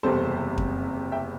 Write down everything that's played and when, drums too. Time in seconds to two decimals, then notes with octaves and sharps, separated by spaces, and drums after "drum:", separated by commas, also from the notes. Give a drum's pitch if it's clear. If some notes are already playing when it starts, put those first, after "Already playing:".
0.03 F#1 E2 C3 G3 A4 C5
0.58 drum: kick F2
1.12 E5 G5